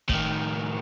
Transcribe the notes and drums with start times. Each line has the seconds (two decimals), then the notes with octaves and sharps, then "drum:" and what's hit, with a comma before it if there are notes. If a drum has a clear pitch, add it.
0.09 A2 D#3, drum: kick